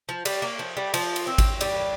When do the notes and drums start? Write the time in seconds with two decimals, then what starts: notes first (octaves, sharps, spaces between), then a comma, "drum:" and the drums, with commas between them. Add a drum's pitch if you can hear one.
0.09 F3
0.25 G3, drum: cymbal
0.42 A#3
0.59 F3
0.77 G3
0.94 F3, drum: cymbal
1.16 drum: cymbal
1.27 C4
1.38 drum: kick G#1, cymbal
1.61 G3, drum: cymbal